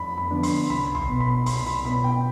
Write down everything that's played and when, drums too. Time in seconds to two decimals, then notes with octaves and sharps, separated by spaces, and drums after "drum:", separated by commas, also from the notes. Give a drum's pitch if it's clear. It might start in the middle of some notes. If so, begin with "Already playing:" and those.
Already playing: F2 B5
0.18 B5
0.31 D3 F3 B3 D4
0.43 C6, drum: open hi-hat
0.70 C2 B5
0.95 C6, drum: tom
1.08 B2 B3
1.20 B5
1.46 C2 C6, drum: open hi-hat
1.66 B5
1.85 B2 B3 B5
2.04 G5